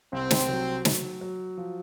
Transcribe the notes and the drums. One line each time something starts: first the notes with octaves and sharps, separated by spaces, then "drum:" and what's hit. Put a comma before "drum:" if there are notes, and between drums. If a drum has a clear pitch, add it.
C2 C4
drum: snare
F#3
F#3, drum: snare
F#3
F3